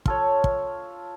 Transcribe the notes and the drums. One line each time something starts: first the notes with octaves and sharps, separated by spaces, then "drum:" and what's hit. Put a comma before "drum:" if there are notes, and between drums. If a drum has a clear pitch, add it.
F4 A4 C#5, drum: kick
drum: kick